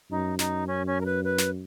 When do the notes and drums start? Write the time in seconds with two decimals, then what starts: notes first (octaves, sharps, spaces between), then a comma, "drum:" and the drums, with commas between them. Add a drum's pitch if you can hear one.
0.10 F#2 D#4
0.39 D#4, drum: snare
0.67 C#4
0.87 C#4
1.01 A#4
1.05 B4
1.24 B4
1.38 drum: snare